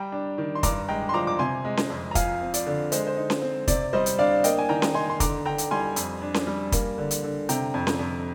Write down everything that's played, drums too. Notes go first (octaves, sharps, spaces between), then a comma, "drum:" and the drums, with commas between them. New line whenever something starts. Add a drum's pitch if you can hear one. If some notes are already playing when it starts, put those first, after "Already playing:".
Already playing: G3 G5 A#5
D4
D#3
C6
G2 A#5 D6, drum: kick, hi-hat
G#3 G5 A#5
C6
F3 A#5 D6
D6
C3 G#5 C6
G#3
drum: snare C#4
F2
A#5
F3 F5 G#5, drum: kick, hi-hat
C4
D5, drum: hi-hat
D3
G#3 C5, drum: hi-hat
C5
D#4
drum: snare C#4
C4
C3 D5, drum: kick, hi-hat
G3 C5 D#5
drum: hi-hat
D4 D5 F5
A#3 D#5 G5, drum: hi-hat
G#5
D#3 G5 A#5
drum: snare C#4
D#4 G#5 C6
C6
D3 A#5 D6, drum: kick, hi-hat
D3 G5 A#5
drum: hi-hat
G3 G#5 C6
F2, drum: hi-hat
D4
drum: snare C#4
G3
A#3, drum: kick, hi-hat
D3
drum: hi-hat
D3
C3 G5 A#5, drum: hi-hat
F2
drum: snare C#4
F2